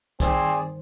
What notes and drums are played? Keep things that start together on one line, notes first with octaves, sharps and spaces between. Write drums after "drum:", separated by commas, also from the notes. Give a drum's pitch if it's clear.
G2 D#3 C4 G#4 C5 D5 G#5, drum: kick, hi-hat